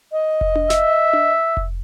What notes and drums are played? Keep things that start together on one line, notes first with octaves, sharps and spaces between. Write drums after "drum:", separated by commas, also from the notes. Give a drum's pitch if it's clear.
D#5
drum: kick F1
drum: tom D4
E5, drum: snare
drum: tom D4
drum: kick F1